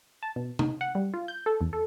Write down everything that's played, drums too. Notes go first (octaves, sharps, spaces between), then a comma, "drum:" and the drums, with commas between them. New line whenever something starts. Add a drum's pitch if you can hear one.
A5
B2
D#4, drum: tom C3
F#5
G3
F4
G6
A4
E2
A4